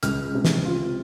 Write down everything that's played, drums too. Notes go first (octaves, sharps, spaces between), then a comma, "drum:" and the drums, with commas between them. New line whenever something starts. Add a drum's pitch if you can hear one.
C#2 F6, drum: hi-hat
C3
drum: snare
F4